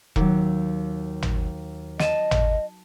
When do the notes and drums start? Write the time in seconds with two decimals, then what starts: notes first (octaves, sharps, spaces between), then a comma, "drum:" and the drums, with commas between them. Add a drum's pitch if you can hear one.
0.16 D#2 F#3, drum: kick E1
1.22 drum: tom
1.99 D#5 A5 D#7 E7, drum: snare
2.31 drum: tom